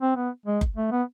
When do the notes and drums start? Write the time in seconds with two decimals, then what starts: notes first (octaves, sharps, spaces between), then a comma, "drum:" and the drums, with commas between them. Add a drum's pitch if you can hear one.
0.01 C4
0.16 B3
0.46 G#3
0.61 drum: kick F#1
0.76 A3
0.91 B3